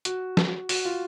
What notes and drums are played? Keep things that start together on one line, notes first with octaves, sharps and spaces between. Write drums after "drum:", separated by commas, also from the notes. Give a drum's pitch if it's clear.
F#4, drum: hi-hat
drum: snare
F#4, drum: open hi-hat
F4